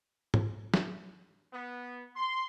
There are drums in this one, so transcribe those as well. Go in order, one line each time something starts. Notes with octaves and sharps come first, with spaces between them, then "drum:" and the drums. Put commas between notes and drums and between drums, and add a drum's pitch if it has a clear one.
drum: tom
drum: snare
B3
C6